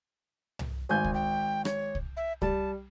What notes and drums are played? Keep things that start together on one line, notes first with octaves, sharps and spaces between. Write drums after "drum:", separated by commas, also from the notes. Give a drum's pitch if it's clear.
drum: tom C2
G#1 G#5 G6
drum: kick C2
G5
C#5, drum: rim click
drum: kick C2
E5
G3 A5, drum: kick C2